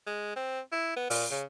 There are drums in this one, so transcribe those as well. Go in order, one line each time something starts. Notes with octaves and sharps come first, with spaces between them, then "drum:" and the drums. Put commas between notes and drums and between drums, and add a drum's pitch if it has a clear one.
G#3
C4
E4
B3
A#2, drum: open hi-hat
C#3